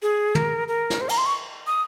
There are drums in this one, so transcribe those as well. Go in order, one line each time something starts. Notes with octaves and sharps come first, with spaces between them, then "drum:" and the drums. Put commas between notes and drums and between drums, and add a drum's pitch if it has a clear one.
G#4
A#4, drum: tom
A#4
drum: snare
C5
A#5, drum: cymbal
C6
C#6
D#6